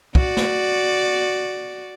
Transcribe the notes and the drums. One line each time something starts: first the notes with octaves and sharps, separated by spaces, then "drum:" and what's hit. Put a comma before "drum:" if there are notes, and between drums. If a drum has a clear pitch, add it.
F#4 D5, drum: kick
drum: snare